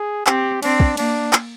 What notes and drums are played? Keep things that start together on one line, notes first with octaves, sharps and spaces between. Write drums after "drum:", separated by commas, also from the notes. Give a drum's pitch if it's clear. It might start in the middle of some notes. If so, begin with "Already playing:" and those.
Already playing: G#4
C4 G4, drum: clap
C4 D4, drum: cymbal
drum: kick
A#3 D4, drum: cymbal
drum: clap